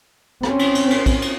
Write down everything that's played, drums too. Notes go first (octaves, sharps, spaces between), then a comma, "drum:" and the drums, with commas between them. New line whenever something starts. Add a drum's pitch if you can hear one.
C4 C#4, drum: rim click
drum: cymbal
drum: cymbal
drum: cymbal
drum: kick, cymbal
drum: cymbal